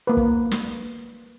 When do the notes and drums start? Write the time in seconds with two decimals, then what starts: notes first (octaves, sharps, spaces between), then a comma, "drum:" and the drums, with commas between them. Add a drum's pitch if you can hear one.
0.07 A#3 B4
0.17 drum: kick
0.51 drum: snare